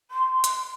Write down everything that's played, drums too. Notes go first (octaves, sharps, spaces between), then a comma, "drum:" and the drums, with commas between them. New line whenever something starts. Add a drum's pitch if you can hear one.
C6
drum: hi-hat